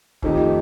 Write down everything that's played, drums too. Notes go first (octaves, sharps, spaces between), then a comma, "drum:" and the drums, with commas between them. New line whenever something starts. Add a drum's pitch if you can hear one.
F2 D#3 A3 D#4 G4, drum: kick